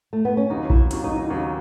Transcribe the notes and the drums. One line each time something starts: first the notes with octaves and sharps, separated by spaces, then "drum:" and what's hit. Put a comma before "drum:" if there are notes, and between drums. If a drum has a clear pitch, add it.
A3
B3
C#4
D#2 C#3 F#3 D#4
E4, drum: kick A#1
D#2 C#3 F#3, drum: hi-hat
D#4
D#4
D#2 C#3 F#3 D#4